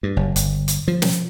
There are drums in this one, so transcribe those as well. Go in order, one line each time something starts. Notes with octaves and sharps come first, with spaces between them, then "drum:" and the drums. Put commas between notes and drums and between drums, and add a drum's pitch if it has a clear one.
G2
F#1
G1, drum: hi-hat
drum: hi-hat
F3
drum: snare